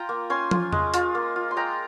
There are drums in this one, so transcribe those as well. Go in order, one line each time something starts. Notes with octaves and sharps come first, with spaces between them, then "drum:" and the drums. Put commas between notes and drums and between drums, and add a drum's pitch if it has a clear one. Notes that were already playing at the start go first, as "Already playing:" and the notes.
Already playing: F4 G5 A#5 C6
A#3
C#4 G#5 C6
F4, drum: tom
G#3, drum: tom E2
F4, drum: hi-hat
A#3
F4
C6
G#3 G5 A#5